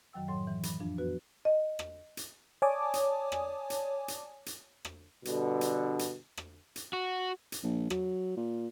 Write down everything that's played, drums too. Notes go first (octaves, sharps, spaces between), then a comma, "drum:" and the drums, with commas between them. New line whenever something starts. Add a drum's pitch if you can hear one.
F#2 D#3 F#3 G5 E6
A2 F#3 C#5 C6
E3
B5, drum: hi-hat
F2 F3 D4
B3 F#4 B4
D#5
drum: rim click
drum: hi-hat
C#5 D5 G#5 A5 D6 D#6
drum: hi-hat
drum: rim click
drum: hi-hat
drum: hi-hat
drum: hi-hat
drum: rim click
G2 B2 D3, drum: hi-hat
drum: hi-hat
drum: hi-hat
drum: rim click
drum: hi-hat
F#4
drum: hi-hat
A#1
F#3, drum: rim click
A#2